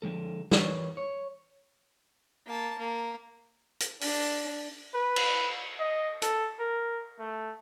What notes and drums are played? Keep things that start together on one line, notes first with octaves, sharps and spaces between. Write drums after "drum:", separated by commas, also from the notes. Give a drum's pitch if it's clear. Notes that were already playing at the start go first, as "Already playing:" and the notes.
D3 F3 G#3 A4
E3 A#4 B4 C#5, drum: snare
C#5
A#3 A5
A#3
drum: hi-hat
D4, drum: open hi-hat
B4
drum: cymbal
D#5
A4, drum: hi-hat
A#4
A3